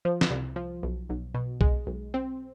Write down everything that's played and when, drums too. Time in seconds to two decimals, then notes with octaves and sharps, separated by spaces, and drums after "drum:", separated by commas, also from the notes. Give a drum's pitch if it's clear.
0.05 F3
0.21 drum: snare
0.30 C2
0.56 F3
0.83 B1
1.09 B1
1.34 B2
1.61 G#3, drum: kick B1
1.87 B1
2.14 C4